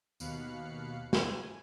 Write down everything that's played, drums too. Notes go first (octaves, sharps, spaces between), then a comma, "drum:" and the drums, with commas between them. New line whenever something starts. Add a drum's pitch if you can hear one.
D#2 B2 F5 B5 F#6 C#7, drum: tambourine
G#5, drum: snare